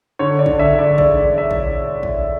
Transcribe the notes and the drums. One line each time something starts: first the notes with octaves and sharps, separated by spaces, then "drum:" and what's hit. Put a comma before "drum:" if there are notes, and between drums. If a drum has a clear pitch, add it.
D3 C#5
D5
D3, drum: kick A#1
E5
D3
D5
E1 D5, drum: kick A#1
E1
E5
drum: kick A#1
drum: kick A#1